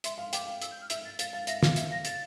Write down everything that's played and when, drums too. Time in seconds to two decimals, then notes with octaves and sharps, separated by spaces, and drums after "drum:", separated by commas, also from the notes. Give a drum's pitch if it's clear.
0.04 E5 C6, drum: hi-hat
0.18 F5
0.33 G5 D6, drum: hi-hat
0.47 F5
0.62 E6, drum: hi-hat
0.71 G6
0.81 F6
0.90 E5 E6, drum: hi-hat
1.05 A6
1.19 F5 A6, drum: hi-hat
1.33 F5 A6
1.47 E5 A#6, drum: hi-hat
1.63 F5, drum: snare
1.76 E5, drum: hi-hat
1.91 F5 A#6
2.05 A6, drum: hi-hat